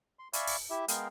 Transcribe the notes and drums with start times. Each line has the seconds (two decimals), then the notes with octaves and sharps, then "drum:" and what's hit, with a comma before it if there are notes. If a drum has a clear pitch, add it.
0.19 C6
0.33 D5 E5 F5 G#5 B5 C#6, drum: hi-hat
0.47 drum: open hi-hat
0.70 E4 G4 E5
0.88 G#3 B3 G#4 A#4 F5 G5, drum: hi-hat